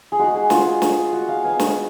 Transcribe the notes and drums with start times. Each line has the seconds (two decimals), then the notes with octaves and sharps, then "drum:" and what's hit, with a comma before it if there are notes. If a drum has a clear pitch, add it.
0.12 G#4
0.19 G#3 D#4 F#4
0.34 G#4
0.50 F4, drum: snare
0.82 drum: snare
1.13 F#4
1.29 F5
1.43 F#3 B3 D#4 G#5
1.59 drum: snare